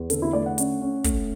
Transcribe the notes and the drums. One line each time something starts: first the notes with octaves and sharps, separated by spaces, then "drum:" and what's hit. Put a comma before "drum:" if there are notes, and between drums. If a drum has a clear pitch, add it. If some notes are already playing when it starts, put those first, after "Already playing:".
Already playing: E2
D3 A4, drum: hi-hat
E4
A3 D5
F#5
C#4, drum: hi-hat
C#4
A3, drum: kick, hi-hat